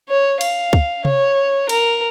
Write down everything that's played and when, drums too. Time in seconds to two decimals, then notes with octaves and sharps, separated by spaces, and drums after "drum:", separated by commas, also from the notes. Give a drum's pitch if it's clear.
0.09 C#5
0.41 F5, drum: cymbal
0.73 drum: kick
1.05 C#5, drum: tom C3
1.69 A#4, drum: cymbal